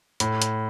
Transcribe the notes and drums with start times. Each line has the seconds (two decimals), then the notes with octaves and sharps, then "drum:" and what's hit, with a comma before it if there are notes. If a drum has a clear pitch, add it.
0.20 A2, drum: hi-hat
0.42 drum: hi-hat